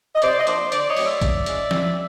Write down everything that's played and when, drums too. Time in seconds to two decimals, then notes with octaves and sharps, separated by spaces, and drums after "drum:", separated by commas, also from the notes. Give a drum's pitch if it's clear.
0.15 D#5
0.22 C3 C5 D5, drum: hi-hat
0.39 D#5
0.47 F3 A#3 D4 C5 D5, drum: hi-hat
0.72 D3 C5 D5, drum: hi-hat
0.89 C#5 D#5
0.97 F#3 A3 C4, drum: open hi-hat
1.05 D5 E5
1.21 C3, drum: kick, hi-hat
1.46 E3 G#3 C#4, drum: hi-hat
1.71 E3, drum: snare F3